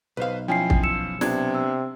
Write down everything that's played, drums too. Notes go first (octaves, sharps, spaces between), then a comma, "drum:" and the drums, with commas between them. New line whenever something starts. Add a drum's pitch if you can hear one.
B1 B4 C5 F5
F3 C#4 E4 G5 G#5 C7
drum: kick
E6 C#7 E7
C3 B3 D4 G#6, drum: snare
E6